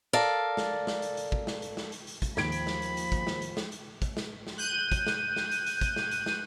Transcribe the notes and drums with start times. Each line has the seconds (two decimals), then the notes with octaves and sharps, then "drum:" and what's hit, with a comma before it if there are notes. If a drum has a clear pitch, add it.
0.13 A4 A#4 D5 F5
0.57 drum: snare
0.87 drum: snare
1.02 drum: hi-hat
1.17 drum: hi-hat
1.32 drum: kick
1.47 drum: snare
1.62 drum: hi-hat
1.77 drum: snare
1.92 drum: hi-hat
2.07 drum: hi-hat
2.22 drum: kick, hi-hat
2.37 D#2 F3 B5 G#6 D7, drum: snare
2.52 drum: hi-hat
2.67 drum: snare
2.82 drum: hi-hat
2.97 drum: hi-hat
3.12 drum: kick, hi-hat
3.27 drum: snare
3.42 drum: hi-hat
3.57 drum: snare
3.72 drum: hi-hat
4.02 drum: kick, hi-hat
4.17 drum: snare
4.47 drum: snare
4.58 F#6 G6 D#7
4.92 drum: kick, hi-hat
5.07 drum: snare
5.36 drum: snare
5.51 drum: hi-hat
5.66 drum: hi-hat
5.81 drum: kick, hi-hat
5.96 drum: snare
6.11 drum: hi-hat
6.26 drum: snare